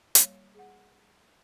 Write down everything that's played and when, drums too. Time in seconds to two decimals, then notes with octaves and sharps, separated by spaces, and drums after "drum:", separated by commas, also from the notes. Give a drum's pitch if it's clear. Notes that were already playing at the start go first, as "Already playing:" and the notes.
0.15 G3 A#3 C#5 F5, drum: hi-hat
0.55 G#4 F#5